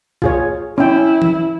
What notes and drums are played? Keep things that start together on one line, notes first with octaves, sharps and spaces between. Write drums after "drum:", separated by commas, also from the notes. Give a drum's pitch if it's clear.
F4 G#4 C#5, drum: kick
C#4 E4 G5
drum: tom E3